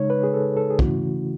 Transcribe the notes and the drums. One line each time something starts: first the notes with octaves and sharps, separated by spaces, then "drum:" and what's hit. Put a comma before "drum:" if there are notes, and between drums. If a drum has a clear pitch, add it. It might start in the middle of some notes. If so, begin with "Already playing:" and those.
Already playing: C#3 G#3 D#4 C#5
B4
G#4
A4
A4
G#4
C#3 E3 A3 C#4 E4 F#4, drum: kick